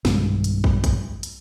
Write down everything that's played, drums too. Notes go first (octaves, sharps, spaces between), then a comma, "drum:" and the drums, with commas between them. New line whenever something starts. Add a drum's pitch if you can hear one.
B1 G2 D#3 G#3, drum: snare
drum: hi-hat
drum: kick
drum: kick, hi-hat
drum: hi-hat